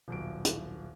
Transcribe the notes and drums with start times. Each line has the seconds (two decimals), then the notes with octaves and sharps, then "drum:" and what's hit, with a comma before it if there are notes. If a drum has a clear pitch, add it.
0.08 D#1 B1 D7
0.45 drum: hi-hat